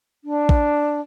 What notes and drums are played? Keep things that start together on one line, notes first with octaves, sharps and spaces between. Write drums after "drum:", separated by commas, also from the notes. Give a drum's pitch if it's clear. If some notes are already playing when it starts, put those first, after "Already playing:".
D4
drum: kick